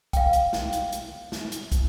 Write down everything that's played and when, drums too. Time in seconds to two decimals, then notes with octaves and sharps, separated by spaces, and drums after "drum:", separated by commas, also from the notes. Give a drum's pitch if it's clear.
0.13 F5 G5, drum: kick, hi-hat
0.33 drum: hi-hat
0.53 drum: snare
0.73 drum: hi-hat
0.92 drum: hi-hat
1.32 drum: snare
1.52 drum: hi-hat
1.72 drum: kick, hi-hat